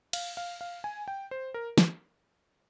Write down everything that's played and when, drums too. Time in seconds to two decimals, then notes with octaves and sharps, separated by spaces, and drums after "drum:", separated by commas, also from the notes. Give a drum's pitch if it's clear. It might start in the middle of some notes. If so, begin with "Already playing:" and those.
0.13 F5, drum: cymbal
0.37 F5
0.61 F5
0.84 G#5
1.08 G5
1.31 C5
1.54 A#4
1.78 drum: snare